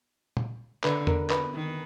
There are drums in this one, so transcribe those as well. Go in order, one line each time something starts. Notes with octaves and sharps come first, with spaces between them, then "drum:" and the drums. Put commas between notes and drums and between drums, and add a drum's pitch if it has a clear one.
drum: tom
D3 B4, drum: clap
A#4, drum: tom E2
B4, drum: clap
D#3